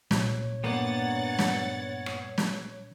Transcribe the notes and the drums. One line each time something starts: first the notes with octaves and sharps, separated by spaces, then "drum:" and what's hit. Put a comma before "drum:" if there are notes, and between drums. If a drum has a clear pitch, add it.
C2 A#2 C#5, drum: snare
G2 A#3 B3 F#5 A6
drum: snare
drum: rim click
drum: snare